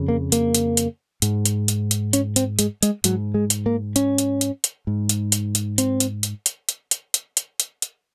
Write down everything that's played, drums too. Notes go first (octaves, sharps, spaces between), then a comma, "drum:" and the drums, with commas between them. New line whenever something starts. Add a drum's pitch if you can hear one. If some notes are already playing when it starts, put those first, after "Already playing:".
Already playing: F2 C#3
A#3
A#3, drum: hi-hat
drum: hi-hat
drum: hi-hat
G#2, drum: hi-hat
drum: hi-hat
drum: hi-hat
drum: hi-hat
C#4, drum: hi-hat
C4, drum: hi-hat
G#3, drum: hi-hat
G#3, drum: hi-hat
G#2 F#3, drum: hi-hat
G#3
drum: hi-hat
A#3
C#4, drum: hi-hat
drum: hi-hat
drum: hi-hat
drum: hi-hat
G#2
drum: hi-hat
drum: hi-hat
drum: hi-hat
C4, drum: hi-hat
drum: hi-hat
drum: hi-hat
drum: hi-hat
drum: hi-hat
drum: hi-hat
drum: hi-hat
drum: hi-hat
drum: hi-hat
drum: hi-hat